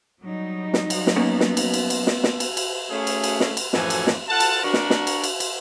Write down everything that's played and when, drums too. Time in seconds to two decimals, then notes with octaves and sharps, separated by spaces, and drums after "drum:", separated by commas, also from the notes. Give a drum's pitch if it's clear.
0.21 F#3 G3 D#4
0.74 drum: snare
0.90 drum: cymbal
1.07 drum: snare
1.16 A#3 B3 C#4
1.40 drum: snare
1.57 drum: cymbal
1.74 drum: cymbal
1.90 drum: cymbal
2.07 drum: snare
2.24 drum: snare
2.40 drum: cymbal
2.57 drum: cymbal
2.90 A3 C#4 G#4
3.07 drum: cymbal
3.24 drum: cymbal
3.40 drum: snare
3.57 drum: cymbal
3.73 F#2 A2 E3 F3 A4 G#5, drum: snare
3.90 drum: cymbal
4.07 drum: snare
4.29 F4 A4 F#5 A5
4.40 drum: cymbal
4.63 D4 F#4 A#4
4.74 drum: snare
4.90 drum: snare
5.07 drum: cymbal
5.24 drum: cymbal
5.40 drum: cymbal